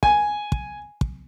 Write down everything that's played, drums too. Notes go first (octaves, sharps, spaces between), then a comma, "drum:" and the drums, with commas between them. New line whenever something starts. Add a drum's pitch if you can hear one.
G#5, drum: kick
drum: kick
drum: kick